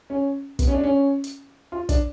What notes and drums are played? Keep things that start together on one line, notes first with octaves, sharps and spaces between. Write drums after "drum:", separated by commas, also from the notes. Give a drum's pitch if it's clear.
C#4
B3, drum: kick, hi-hat
C#4
D4
C#4
drum: hi-hat
F4
D4, drum: kick, hi-hat